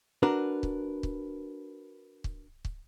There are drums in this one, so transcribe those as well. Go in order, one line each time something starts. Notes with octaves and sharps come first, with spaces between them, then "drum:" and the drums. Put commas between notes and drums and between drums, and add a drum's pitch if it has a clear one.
D4 F#4 A#4 B4
drum: kick
drum: kick
drum: kick
drum: kick